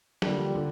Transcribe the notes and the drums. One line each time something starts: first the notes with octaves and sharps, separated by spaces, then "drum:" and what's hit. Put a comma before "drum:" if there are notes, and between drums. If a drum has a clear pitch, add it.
D3 F3 G3 A#3 D4 G4, drum: snare
D3 F3